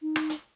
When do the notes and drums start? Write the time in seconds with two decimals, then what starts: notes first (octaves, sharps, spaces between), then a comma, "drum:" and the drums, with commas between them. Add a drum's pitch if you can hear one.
0.02 D#4
0.16 drum: rim click
0.30 drum: hi-hat